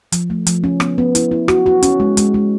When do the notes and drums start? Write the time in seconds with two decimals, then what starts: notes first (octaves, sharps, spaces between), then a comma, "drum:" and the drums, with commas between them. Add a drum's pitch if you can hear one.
0.12 F3, drum: hi-hat
0.30 A3
0.47 F3, drum: hi-hat
0.64 C#4
0.80 B3, drum: rim click
0.98 B3
1.15 E4, drum: hi-hat
1.31 E4
1.48 F#4, drum: rim click
1.66 F#4
1.83 C#4, drum: hi-hat
2.00 G#3
2.17 G#3, drum: hi-hat
2.34 G#3